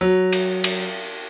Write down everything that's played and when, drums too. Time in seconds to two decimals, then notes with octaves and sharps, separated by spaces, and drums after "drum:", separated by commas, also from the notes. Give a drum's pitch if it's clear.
0.01 F#3
0.32 drum: cymbal
0.64 drum: cymbal